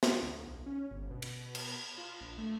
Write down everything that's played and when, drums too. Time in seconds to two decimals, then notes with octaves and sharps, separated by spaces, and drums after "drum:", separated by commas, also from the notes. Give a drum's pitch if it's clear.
0.03 drum: snare
0.23 D2
0.45 B1
0.66 C#4
0.91 G1
1.10 B2
1.22 drum: cymbal
1.55 drum: cymbal
1.98 F4
2.21 A#1
2.38 A3